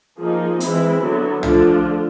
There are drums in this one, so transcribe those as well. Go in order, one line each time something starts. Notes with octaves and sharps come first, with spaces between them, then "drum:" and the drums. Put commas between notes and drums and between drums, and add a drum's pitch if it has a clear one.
F3 A#3 D#4 G#4
E3 G#3 C4 E4, drum: hi-hat
D3 F#3 B3
D3 F3 A3 D4 F4, drum: tom